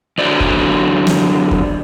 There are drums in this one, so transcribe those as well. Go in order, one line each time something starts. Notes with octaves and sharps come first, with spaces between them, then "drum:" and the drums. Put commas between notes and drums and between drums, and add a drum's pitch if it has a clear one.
F#2 D3 F#3 C5 D5
drum: kick
drum: snare
drum: kick